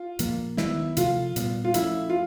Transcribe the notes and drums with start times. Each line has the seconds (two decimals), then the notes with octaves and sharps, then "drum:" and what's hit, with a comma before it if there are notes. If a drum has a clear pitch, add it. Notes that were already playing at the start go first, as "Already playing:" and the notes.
Already playing: F4
0.19 A#2 F3 A#3, drum: hi-hat
0.57 D#3 F#3 B3 E4, drum: snare
0.97 C3 F3 A3 F4, drum: hi-hat
1.36 A#2 G3 B3, drum: hi-hat
1.65 F4
1.74 F3 A3 C#4 E4, drum: hi-hat
2.10 F4